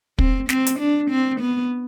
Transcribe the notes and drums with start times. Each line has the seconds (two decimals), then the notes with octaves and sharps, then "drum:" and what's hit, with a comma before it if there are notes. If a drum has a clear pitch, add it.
0.19 C4, drum: kick
0.49 C4, drum: snare
0.67 drum: hi-hat
0.79 D4
1.10 C4
1.40 B3